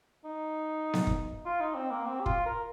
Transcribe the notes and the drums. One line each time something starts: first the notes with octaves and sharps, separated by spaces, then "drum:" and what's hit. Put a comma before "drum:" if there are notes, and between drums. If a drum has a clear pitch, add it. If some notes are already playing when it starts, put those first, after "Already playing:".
D#4
drum: snare B3
drum: kick
F4
D#4
C4
A#3
C4
G4
F4, drum: kick
A#4